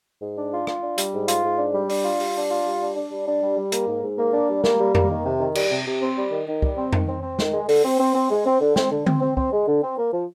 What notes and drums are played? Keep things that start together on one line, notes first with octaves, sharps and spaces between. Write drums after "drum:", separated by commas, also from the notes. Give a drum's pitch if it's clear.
G#2
D4
F4
F4, drum: rim click
D4
G3, drum: hi-hat
G#2
F4, drum: hi-hat
G#2
D4
G3
D4, drum: open hi-hat
F4
G3, drum: open hi-hat
D4
F4
G3
D4
D4
G3
D4
G3
G3
A#3, drum: hi-hat
G#2
G#2
A#3
D4
G3
A#3, drum: snare
G3
A#3, drum: tom F2
D#3
C3
D#3
G3, drum: cymbal
C3
C3
C4
G3
D#3
D#3
G3, drum: kick
C4
D#3, drum: tom F2
C4
C4
D#3, drum: snare
G#3
D3, drum: open hi-hat
C4
C4
C4
G#3
C4
D3
C4, drum: snare
D3
C4, drum: tom D3
C4
C4, drum: kick
G#3
D3
C4
A#3
F3